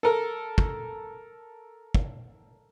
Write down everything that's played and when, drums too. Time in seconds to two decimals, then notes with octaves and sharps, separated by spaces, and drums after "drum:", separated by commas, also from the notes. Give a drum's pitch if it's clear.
0.03 A4 A#4
0.58 drum: kick
1.95 drum: kick